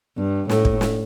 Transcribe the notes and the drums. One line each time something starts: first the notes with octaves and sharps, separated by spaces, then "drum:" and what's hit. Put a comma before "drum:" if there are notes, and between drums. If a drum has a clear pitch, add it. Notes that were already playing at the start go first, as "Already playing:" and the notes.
G2
A2, drum: snare
drum: kick
drum: snare